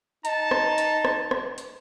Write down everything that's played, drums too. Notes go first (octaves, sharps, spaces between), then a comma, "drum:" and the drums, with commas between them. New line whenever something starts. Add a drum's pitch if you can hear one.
D#4 A5, drum: hi-hat
drum: rim click
drum: hi-hat
drum: rim click
drum: rim click
drum: hi-hat